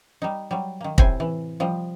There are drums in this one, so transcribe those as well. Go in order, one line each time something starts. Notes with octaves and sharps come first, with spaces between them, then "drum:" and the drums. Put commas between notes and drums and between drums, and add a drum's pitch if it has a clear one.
G3 D#4
F#3 G3
D#3 A#3
A2 C3 E4 C5 G#5, drum: kick
E3
F3 G3 D#5